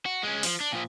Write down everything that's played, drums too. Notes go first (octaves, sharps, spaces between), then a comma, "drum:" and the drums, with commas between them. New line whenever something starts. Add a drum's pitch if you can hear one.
F#4
G#3 C#4
F3, drum: open hi-hat
D4
A#2 F3